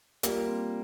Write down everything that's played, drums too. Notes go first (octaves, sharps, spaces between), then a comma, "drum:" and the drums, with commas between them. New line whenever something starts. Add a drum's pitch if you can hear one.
G3 A#3 F4, drum: hi-hat
C4